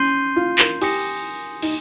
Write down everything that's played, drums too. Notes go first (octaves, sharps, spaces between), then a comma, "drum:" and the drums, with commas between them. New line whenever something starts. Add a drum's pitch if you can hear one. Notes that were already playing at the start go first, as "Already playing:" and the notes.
Already playing: C#4 C6 G6 C7 D#7 G7
F4
A#4, drum: clap
G4 G#5 D#6 A#6 C#7, drum: cymbal
D#4, drum: cymbal